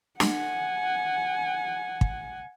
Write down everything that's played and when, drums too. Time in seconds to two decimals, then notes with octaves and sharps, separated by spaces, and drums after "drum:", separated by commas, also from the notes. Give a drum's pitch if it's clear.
0.20 F#5 G#5, drum: snare
2.01 drum: kick